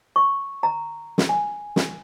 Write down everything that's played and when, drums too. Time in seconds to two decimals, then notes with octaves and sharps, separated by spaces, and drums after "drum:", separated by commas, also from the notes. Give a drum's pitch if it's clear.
0.16 C#6
0.63 A#5
1.18 drum: snare
1.29 G#5
1.76 drum: snare